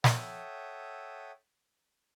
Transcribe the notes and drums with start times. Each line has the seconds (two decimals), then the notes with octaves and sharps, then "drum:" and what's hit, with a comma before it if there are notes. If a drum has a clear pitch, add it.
0.04 A4 C#5 E5 F#5 G5 D#6, drum: snare